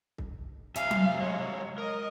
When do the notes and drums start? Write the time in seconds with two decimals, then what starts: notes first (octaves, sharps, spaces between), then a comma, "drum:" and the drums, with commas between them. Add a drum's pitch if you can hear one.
0.18 drum: kick C2
0.76 C3 E5 F5 G#5, drum: hi-hat
0.91 drum: tom F#3
1.20 F#3 G#3 C#5
1.78 A#4 D#5